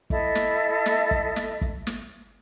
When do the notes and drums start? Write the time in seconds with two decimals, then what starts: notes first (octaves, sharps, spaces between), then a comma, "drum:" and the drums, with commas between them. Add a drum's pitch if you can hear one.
0.10 E4 A4 D#5 E5, drum: kick
0.35 drum: snare
0.86 drum: snare
1.11 drum: kick
1.36 drum: snare
1.61 drum: kick
1.87 drum: snare